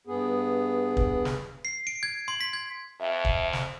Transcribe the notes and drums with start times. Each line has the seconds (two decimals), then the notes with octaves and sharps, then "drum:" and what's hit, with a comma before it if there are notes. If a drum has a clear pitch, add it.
0.07 G2 B3 G#4
0.97 drum: kick
1.25 drum: snare
1.65 C7
1.87 D7
2.03 G#6
2.28 C6
2.41 B6
2.53 G#6
3.00 F2 E5
3.25 drum: kick
3.53 drum: snare